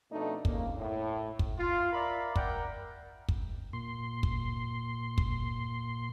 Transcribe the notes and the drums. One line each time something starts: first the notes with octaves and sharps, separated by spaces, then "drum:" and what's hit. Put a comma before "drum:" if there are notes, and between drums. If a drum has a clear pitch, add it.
F2 B2 A3 D4 D#4
F2 C#3 A#3, drum: kick
A2
drum: kick
F4
A#4 D5 E5 F5 A#5 B5
A#4 D5 E5 F#5 G5 A#5, drum: kick
drum: kick
A#2 C6
drum: kick
drum: kick